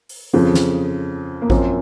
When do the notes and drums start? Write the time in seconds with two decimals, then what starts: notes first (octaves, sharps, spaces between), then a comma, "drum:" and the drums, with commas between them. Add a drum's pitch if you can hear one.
0.09 drum: open hi-hat
0.33 F2 C#3 F3
0.54 drum: snare
1.42 A#3
1.50 F#2 F3 C4, drum: kick A1